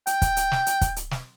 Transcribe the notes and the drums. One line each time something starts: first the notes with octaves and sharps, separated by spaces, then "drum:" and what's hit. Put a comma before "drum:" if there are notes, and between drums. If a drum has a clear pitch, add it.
G5, drum: hi-hat
drum: kick, hi-hat
drum: hi-hat
drum: snare
drum: hi-hat
drum: kick, hi-hat
drum: hi-hat
drum: snare